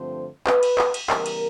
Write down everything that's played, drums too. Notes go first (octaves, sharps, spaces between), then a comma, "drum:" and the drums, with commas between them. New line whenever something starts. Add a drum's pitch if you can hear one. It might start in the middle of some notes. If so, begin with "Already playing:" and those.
Already playing: G2 D3 F3 A3 C4 C5
B4, drum: clap
drum: cymbal
drum: clap
drum: cymbal
C#3 E3 G3 B3 A#4, drum: clap
drum: cymbal